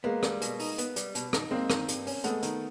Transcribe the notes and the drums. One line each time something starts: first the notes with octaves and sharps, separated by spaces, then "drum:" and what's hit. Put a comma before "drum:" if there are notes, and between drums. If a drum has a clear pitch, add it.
G#3 A#3 B3
G3, drum: rim click
B2, drum: hi-hat
D#4, drum: open hi-hat
B3, drum: hi-hat
G3, drum: hi-hat
B2, drum: hi-hat
D#4, drum: rim click
G#3 A#3 C4
D#3, drum: rim click
G2, drum: hi-hat
C#4, drum: open hi-hat
G#3 A3 B3, drum: hi-hat
D#3, drum: hi-hat